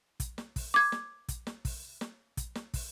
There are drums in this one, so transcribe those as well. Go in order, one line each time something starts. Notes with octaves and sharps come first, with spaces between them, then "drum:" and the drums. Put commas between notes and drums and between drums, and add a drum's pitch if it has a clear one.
drum: kick, hi-hat
drum: snare
drum: kick, open hi-hat
D6 G#6
drum: snare
drum: kick, hi-hat
drum: snare
drum: kick, open hi-hat
drum: snare
drum: kick, hi-hat
drum: snare
drum: kick, open hi-hat